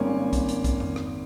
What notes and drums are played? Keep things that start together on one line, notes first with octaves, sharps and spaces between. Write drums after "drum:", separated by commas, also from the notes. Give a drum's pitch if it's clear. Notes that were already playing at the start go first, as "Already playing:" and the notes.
Already playing: G#1 G#2 G3 A#3 C#4
drum: kick, hi-hat
drum: hi-hat
drum: kick, hi-hat
drum: tom F2
drum: rim click